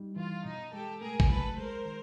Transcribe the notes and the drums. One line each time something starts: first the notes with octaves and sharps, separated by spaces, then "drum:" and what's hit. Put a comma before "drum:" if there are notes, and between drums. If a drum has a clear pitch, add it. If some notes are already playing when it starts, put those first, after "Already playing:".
Already playing: G3 D#4
E3 F4
B2 D#4
G#3 G4 A4
A3 G#4 A#4
drum: kick G#1
F#3 A4 B4
G#3 A#4 C5
D#3